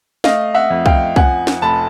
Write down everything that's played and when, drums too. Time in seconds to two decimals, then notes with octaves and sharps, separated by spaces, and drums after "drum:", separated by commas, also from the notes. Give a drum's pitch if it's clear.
0.24 A3 D#5 F5, drum: snare
0.54 E5 F#5
0.71 F2
0.86 F5 G5, drum: kick
1.16 F3 F#5 G#5, drum: kick
1.47 drum: snare
1.62 F1 A5 B5